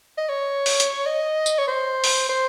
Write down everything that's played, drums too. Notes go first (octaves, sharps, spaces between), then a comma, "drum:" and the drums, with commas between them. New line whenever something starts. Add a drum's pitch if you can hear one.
D#5
C#5
drum: open hi-hat
drum: hi-hat
D#5
drum: tambourine
C#5
C5
drum: open hi-hat
C5